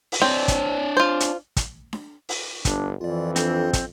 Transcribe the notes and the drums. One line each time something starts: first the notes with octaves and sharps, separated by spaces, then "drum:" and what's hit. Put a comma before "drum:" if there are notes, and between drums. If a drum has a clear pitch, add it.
drum: open hi-hat
C4 D4 C#5 D5
drum: kick, hi-hat
F4 C5
drum: hi-hat
drum: kick, hi-hat
drum: snare D4
drum: open hi-hat
G1 D4, drum: kick, hi-hat
F2 E3 F4 D5
C4 D4 F4 A4, drum: hi-hat
drum: kick, hi-hat